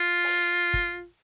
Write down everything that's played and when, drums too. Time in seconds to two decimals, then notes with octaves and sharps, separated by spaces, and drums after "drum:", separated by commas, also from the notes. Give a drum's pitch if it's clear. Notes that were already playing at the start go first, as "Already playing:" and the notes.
Already playing: F4
0.24 drum: open hi-hat
0.74 drum: kick